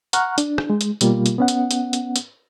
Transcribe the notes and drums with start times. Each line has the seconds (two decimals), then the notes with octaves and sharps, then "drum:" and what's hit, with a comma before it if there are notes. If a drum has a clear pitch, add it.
0.13 F#5 A#5 C#6 F6 F#6, drum: hi-hat
0.38 D4, drum: hi-hat
0.58 drum: rim click
0.70 G#3
0.81 drum: hi-hat
1.01 B2 G3 A#3 F4, drum: hi-hat
1.26 drum: hi-hat
1.38 B3 C#4 F#5
1.48 drum: hi-hat
1.71 drum: hi-hat
1.93 drum: hi-hat
2.16 drum: hi-hat